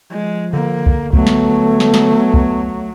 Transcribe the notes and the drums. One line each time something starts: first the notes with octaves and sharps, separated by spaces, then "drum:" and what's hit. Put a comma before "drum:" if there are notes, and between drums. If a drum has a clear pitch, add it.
F3 G#3
D3 A#3
drum: kick C2
F#3 A3 B3, drum: kick C2
drum: snare
drum: snare
drum: snare
drum: kick C2